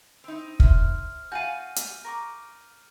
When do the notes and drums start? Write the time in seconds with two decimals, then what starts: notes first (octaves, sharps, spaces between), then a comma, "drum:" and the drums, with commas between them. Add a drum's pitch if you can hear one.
0.24 C4 D#4
0.60 E4 C5 F6, drum: kick
1.32 F#4 F5 F#5 G#5 A5 G6 D#7
1.76 drum: hi-hat
2.04 A#4 C#6 D6